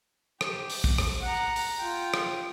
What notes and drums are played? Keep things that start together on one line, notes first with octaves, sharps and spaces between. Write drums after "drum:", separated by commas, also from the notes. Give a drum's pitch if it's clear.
G4, drum: rim click
drum: open hi-hat
drum: kick
drum: rim click
F#5 A#5
drum: open hi-hat
F4 G5
drum: rim click